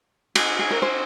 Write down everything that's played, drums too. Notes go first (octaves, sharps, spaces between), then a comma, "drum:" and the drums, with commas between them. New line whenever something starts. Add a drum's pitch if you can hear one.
G#4, drum: cymbal
G#4
A#4
C5